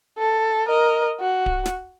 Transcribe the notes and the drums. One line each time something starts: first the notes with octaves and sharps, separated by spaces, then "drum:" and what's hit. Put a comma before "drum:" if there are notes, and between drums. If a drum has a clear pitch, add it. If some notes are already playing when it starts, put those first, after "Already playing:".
A4
A#4 D#5
F#4
drum: kick D1
drum: snare